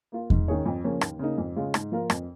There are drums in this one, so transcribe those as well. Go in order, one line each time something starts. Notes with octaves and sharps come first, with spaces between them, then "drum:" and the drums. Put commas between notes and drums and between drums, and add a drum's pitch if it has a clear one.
A#3 F4
G#2, drum: kick E2
D#3 C#4 G#4 C#5
F2
C#3 F3 A#3 C#4
D#2, drum: rim click
C#3 A#3 D#4
F2
C#3 G#3 F4
G#2, drum: rim click
F3 A#3 F4 A#4
F2, drum: rim click